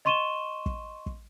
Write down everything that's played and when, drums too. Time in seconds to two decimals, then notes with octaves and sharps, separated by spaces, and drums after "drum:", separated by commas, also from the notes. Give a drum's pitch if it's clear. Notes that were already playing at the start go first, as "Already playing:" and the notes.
0.05 D#5 C6 C#6 D#7 E7 G7
0.66 drum: kick
1.06 drum: kick